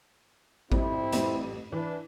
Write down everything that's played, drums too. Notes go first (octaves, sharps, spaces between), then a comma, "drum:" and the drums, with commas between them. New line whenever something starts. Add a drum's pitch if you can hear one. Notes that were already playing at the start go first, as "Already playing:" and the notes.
F2 G3 C4 E4, drum: kick A1
A1 F2 G3, drum: hi-hat
E3 D4 E4 B4